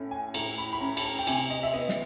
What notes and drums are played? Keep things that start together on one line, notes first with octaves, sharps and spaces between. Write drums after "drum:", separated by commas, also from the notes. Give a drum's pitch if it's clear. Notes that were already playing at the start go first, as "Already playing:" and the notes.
Already playing: A2 C#4
G#5
A2 A#5, drum: cymbal
B5
B5
C#4 A#5
A5, drum: cymbal
A#5
G5
C3 G#5, drum: cymbal
D#5
E5
B3 D#5
drum: snare